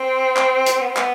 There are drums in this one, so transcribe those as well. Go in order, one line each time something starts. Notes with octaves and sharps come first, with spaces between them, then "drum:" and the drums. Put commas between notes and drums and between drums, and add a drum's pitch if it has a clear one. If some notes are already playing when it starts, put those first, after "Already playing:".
Already playing: C4
drum: clap
drum: hi-hat
B3
C4
B3, drum: clap